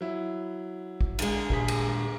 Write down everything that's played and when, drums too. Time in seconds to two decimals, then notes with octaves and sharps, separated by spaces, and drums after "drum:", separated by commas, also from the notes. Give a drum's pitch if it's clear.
0.01 F#3 E4
1.01 drum: kick A1
1.19 D3 G#3, drum: cymbal
1.50 D#1 G#4 B6, drum: kick A1
1.68 drum: cymbal